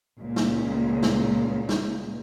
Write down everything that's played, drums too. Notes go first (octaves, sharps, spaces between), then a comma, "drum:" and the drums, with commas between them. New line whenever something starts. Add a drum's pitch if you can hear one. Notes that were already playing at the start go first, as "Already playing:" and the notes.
C#2 A#2
drum: snare
drum: snare
drum: snare